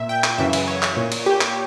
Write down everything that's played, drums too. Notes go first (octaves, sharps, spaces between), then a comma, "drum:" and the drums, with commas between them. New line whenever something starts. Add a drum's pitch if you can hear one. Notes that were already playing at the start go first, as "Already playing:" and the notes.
Already playing: A#2 E5
G5
drum: clap
F#2 C#3 E3 E5
drum: cymbal
C#5
drum: clap
A#2
drum: cymbal
G4
drum: clap